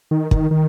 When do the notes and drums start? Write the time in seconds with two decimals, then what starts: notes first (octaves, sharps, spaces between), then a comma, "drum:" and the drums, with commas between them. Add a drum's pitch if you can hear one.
0.11 D#3
0.31 D#3, drum: kick
0.51 D#3